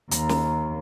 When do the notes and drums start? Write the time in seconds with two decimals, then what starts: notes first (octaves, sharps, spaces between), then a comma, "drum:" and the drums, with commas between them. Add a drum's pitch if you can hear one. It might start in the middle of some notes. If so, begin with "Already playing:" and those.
0.11 D#2 A#5, drum: hi-hat
0.29 drum: snare